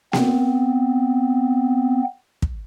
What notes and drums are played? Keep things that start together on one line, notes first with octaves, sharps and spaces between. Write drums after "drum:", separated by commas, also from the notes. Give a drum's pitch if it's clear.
B3 C4, drum: snare A#3
drum: kick